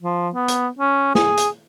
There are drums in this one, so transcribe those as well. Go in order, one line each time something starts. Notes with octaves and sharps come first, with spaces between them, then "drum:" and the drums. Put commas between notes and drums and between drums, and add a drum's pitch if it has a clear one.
F3
B3
drum: hi-hat
C#4
G#4, drum: snare
drum: hi-hat